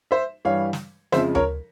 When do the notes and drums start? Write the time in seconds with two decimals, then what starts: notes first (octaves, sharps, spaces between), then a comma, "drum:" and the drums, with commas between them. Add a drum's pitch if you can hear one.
0.11 C5 E5
0.45 G2 E3 G3 C#5 F5
0.73 drum: snare
1.12 F2 C#3 F3 G#3 C5 E5, drum: snare
1.35 A#4 C#5, drum: tom D2